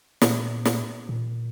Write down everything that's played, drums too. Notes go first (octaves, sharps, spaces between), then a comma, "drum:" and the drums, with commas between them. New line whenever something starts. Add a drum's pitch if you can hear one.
A#2, drum: snare
drum: snare
A#2